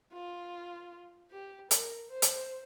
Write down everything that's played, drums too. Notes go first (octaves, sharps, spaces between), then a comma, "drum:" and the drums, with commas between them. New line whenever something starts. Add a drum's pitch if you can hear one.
F4
G4
A#4, drum: hi-hat
C5
drum: hi-hat